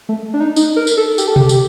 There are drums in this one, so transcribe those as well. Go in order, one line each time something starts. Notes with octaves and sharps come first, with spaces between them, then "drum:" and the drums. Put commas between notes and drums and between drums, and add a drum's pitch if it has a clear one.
A3
D4
D#4
D#4, drum: tambourine
A#4
drum: tambourine
A4
G4, drum: tambourine
A4
G4, drum: tom B2
drum: tambourine